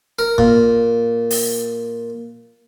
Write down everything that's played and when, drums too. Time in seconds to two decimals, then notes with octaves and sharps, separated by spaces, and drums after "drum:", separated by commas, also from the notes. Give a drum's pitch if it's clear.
0.19 A#4
0.38 A#2, drum: kick
1.31 drum: open hi-hat